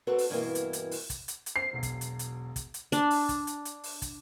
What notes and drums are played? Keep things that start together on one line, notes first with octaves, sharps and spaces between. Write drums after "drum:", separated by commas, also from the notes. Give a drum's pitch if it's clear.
C4 F#4 A4 B4
drum: open hi-hat
G2 B2 E3 A#3 C4 E4
drum: hi-hat
drum: hi-hat
drum: open hi-hat
drum: kick, hi-hat
drum: hi-hat
drum: hi-hat
C5 C7
E1 B1
drum: kick, hi-hat
drum: hi-hat
drum: hi-hat
drum: kick, hi-hat
drum: hi-hat
D4, drum: hi-hat
drum: open hi-hat
drum: kick, hi-hat
drum: hi-hat
drum: hi-hat
drum: open hi-hat
drum: kick, hi-hat